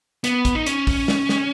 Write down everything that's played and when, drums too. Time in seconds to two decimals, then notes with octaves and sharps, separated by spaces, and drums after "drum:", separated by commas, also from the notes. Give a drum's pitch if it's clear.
0.24 B3, drum: hi-hat
0.45 drum: kick, hi-hat
0.55 D#4
0.66 C#4, drum: hi-hat
0.87 drum: kick, open hi-hat
1.08 drum: snare
1.29 drum: snare